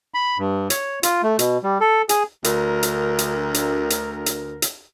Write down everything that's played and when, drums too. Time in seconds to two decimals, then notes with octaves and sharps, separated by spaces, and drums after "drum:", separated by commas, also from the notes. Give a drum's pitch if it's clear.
0.14 B5
0.38 G2
0.70 C#5, drum: hi-hat
1.03 F4, drum: hi-hat
1.23 A3
1.39 B2, drum: hi-hat
1.64 G3
1.81 A4
2.09 G#4, drum: hi-hat
2.44 D2 A#4, drum: hi-hat
2.83 drum: hi-hat
3.19 drum: hi-hat
3.54 drum: hi-hat
3.90 drum: hi-hat
4.26 drum: hi-hat
4.62 drum: hi-hat